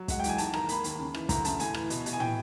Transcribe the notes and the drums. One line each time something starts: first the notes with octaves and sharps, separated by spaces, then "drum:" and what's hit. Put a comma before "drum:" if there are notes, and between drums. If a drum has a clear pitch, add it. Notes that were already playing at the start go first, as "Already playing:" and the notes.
Already playing: F#3
G#3 F#5, drum: kick, hi-hat
G5
E2 G#5, drum: hi-hat
G#2 A5, drum: hi-hat
D#3 A#5, drum: rim click
A#3 B5, drum: hi-hat
D#2, drum: hi-hat
C#3
E3, drum: rim click
D2 A#5, drum: kick, hi-hat
C#3 A5, drum: hi-hat
A2 G#5, drum: hi-hat
E3, drum: rim click
B2, drum: hi-hat
B2, drum: hi-hat
G#5
E3 G5, drum: tom